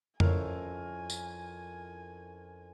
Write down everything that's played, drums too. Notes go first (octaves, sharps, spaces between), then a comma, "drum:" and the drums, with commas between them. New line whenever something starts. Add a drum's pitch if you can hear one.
F2 C#4 E4 A#4 F5 G#5, drum: tom F2
drum: tambourine